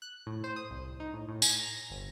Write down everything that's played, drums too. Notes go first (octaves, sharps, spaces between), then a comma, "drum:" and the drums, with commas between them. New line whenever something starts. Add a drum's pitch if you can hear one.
F#6
A2
C5
D#6
C2
D#4
A2
A2
G#5, drum: tambourine
A#5
G1